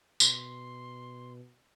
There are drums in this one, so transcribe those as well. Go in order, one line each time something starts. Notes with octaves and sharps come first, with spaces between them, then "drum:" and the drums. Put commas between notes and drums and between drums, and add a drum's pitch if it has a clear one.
B2 C6, drum: tambourine